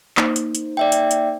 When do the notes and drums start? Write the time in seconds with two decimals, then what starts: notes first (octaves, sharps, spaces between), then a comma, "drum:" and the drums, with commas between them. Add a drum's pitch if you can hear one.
0.17 A#3 D#4 C5, drum: clap
0.36 drum: hi-hat
0.55 drum: hi-hat
0.77 D5 E5 G5
0.92 drum: hi-hat
1.11 drum: hi-hat